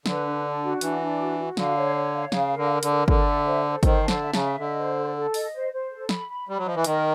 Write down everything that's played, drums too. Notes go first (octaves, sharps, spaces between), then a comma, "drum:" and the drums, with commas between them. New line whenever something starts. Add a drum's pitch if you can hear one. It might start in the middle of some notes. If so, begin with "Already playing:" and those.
D3 B4, drum: snare
D4
D4
F#4
E3 D4, drum: hi-hat
D4
F#4
F#4
D3 F5, drum: snare
C#5
C#5
F5
C#3 F5, drum: snare
A#4
D3
A#4
D3, drum: hi-hat
A#4
D3 A4, drum: kick
E5
C5
A4
D#3 C5, drum: kick, hi-hat
A5
D3, drum: snare
E5
C#3, drum: snare
E5
D3 D#5
C5
A4
A4
D#5, drum: open hi-hat
C5
C5
A4
B5, drum: snare
B5
G3 B5
F#3
F3 D#5
E3
D#3 A#4, drum: hi-hat